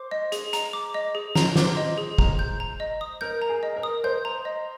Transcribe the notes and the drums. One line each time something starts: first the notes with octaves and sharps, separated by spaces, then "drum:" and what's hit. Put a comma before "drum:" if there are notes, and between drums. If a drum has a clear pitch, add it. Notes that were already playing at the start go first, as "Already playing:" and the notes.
Already playing: C5 D6
D#5
G#4, drum: hi-hat
A#5, drum: hi-hat
D6
D#5
G#4
A#5, drum: snare
C5 D6, drum: snare
D#5
G#4
A#5, drum: kick
G6
A#5
D#5
D#6
A#4 G6
A#5
G#4
D#5
A#4
D#6
C5 G6
A#5
D#5